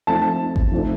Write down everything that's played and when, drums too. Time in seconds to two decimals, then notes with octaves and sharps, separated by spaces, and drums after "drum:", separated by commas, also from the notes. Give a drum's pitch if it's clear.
0.07 F3 A3 C4 D#4 A5
0.56 drum: kick G#1
0.72 F3 A3 C4 D#4